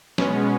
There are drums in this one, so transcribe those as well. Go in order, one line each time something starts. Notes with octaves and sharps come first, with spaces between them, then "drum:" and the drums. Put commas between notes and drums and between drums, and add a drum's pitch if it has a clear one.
B2 G#3 B3 C#4, drum: snare